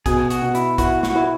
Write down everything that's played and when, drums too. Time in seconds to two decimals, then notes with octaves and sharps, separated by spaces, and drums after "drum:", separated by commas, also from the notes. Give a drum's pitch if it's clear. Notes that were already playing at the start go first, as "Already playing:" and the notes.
0.06 B2 G#4, drum: kick, hi-hat
0.30 F#4, drum: hi-hat
0.42 B2
0.55 E4, drum: hi-hat
0.78 E4 F#4, drum: kick, hi-hat
1.03 F#4, drum: snare
1.15 E4